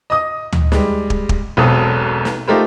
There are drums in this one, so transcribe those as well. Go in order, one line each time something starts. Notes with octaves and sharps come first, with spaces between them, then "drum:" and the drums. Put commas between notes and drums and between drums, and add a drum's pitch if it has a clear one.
D#5 D#6
drum: tom D2
G3 G#3, drum: snare
drum: kick
drum: kick
E1 B1 B2 C4 A4 D#6
drum: snare
A3 D#4 F4 G4 A#4 C5